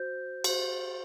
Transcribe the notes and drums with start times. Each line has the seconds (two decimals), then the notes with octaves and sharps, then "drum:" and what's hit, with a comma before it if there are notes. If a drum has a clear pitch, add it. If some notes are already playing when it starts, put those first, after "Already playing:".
Already playing: F#4 C5 G6
0.44 F#4 C5, drum: cymbal